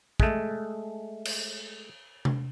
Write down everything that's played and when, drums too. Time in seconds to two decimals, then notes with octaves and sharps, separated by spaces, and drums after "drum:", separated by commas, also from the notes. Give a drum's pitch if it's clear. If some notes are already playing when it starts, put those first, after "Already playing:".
0.20 G#3 A3, drum: kick
1.25 drum: cymbal
2.25 drum: tom C3